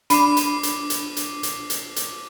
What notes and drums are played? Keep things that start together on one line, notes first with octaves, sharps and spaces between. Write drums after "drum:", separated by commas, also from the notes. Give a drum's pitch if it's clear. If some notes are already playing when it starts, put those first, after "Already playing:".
D4 B5 D6 C7 D#7, drum: hi-hat
drum: hi-hat
drum: hi-hat
drum: hi-hat
drum: hi-hat
drum: hi-hat
drum: hi-hat
drum: hi-hat